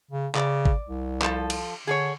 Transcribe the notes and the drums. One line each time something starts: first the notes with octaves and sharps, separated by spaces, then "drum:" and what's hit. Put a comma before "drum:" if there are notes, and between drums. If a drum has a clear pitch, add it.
C#3
C#3 D5, drum: clap
drum: kick G#1
C2
F3 A4, drum: clap
drum: cymbal
D3 G#4 A4 C#5